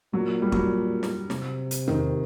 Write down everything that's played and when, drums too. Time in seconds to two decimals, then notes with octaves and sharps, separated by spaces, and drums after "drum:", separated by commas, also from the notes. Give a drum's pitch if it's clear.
0.13 A#2 F#3
0.42 G3
0.52 F#3, drum: kick
1.03 drum: snare
1.30 C3, drum: snare
1.71 drum: hi-hat
1.88 D#3, drum: tom E2